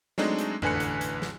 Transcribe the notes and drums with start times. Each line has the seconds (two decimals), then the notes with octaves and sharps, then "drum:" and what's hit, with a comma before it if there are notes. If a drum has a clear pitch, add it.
0.18 F#3 G#3 A3 C4 D4 D#4, drum: snare
0.39 drum: hi-hat
0.62 A1 D3 B4 G#5 F#6 C#7, drum: tom F2
0.80 drum: hi-hat
1.01 drum: hi-hat
1.22 drum: snare